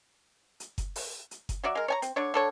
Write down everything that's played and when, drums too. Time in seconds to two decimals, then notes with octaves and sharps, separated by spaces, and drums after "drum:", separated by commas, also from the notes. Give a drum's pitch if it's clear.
0.60 drum: hi-hat
0.78 drum: kick F#1, hi-hat
0.96 drum: open hi-hat
1.31 drum: hi-hat
1.49 drum: kick F#1, hi-hat
1.64 F#3 F#4 D5 E5
1.75 G#3 A#4
1.88 C#5 G#5 A#5
2.02 C4, drum: hi-hat
2.16 D3 D4 C#5
2.34 D3 A4 C#5